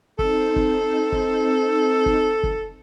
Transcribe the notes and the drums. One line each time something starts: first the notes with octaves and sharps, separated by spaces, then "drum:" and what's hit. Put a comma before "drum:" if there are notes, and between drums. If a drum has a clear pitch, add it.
C4 D#4 A4 C5, drum: kick
drum: kick
drum: kick
drum: kick
drum: kick